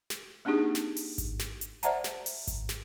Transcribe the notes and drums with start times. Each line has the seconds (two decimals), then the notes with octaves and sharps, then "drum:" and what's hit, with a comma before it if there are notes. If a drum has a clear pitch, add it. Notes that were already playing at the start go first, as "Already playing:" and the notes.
0.10 drum: snare
0.45 A#3 C4 D4 D#4 G4 G#4
0.75 drum: snare
0.96 drum: open hi-hat
1.18 drum: kick G#1, hi-hat
1.40 drum: snare
1.61 drum: hi-hat
1.83 C5 D5 E5 F#5 A5 A#5, drum: hi-hat
2.04 drum: snare
2.26 drum: open hi-hat
2.47 drum: kick G#1, hi-hat
2.69 drum: snare